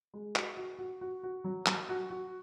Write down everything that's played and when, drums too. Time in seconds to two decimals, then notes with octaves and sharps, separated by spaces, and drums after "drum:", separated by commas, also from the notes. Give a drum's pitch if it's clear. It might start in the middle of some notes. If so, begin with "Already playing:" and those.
0.14 G#3
0.36 F#4, drum: clap
0.57 F#4
0.79 F#4
1.01 F#4
1.23 F#4
1.44 F#3
1.66 F#3, drum: clap
1.89 F#4
2.10 F#4